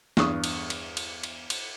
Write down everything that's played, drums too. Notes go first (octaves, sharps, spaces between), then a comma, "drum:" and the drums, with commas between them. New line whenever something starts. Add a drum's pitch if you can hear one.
E2 G2 C#6 D#6, drum: snare
drum: cymbal
drum: cymbal
drum: cymbal
drum: cymbal
drum: cymbal